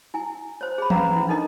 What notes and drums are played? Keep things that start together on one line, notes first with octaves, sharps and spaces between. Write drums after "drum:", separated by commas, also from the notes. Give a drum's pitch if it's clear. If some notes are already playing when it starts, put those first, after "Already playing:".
E4 G#5
C5 C#5
G#4 B5
C#4 B4 F5 A#5, drum: tom E3
E4
D4 D#4 A4 A#4 D#5